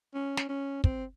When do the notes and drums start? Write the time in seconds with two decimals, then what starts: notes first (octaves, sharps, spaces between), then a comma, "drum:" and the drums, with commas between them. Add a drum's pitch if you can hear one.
0.15 C#4
0.37 drum: snare
0.49 C#4
0.84 C4, drum: kick